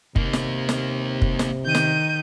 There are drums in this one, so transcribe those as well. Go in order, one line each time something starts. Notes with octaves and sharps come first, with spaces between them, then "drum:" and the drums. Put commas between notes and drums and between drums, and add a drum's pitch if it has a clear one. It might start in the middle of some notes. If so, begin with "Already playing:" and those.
C3 A#3 D#4, drum: kick
drum: snare
drum: snare
drum: kick
drum: snare
D#3 G6 D#7
drum: snare